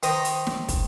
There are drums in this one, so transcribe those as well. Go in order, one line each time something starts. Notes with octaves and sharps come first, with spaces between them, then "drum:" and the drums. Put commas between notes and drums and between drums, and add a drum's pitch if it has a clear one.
D#3 C5 A#5 D#6, drum: hi-hat
drum: hi-hat
drum: snare
drum: kick, hi-hat